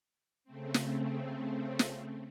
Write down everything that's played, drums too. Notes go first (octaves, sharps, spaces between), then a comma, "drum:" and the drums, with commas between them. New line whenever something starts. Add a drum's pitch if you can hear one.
C#3 A3 C4
drum: snare
drum: snare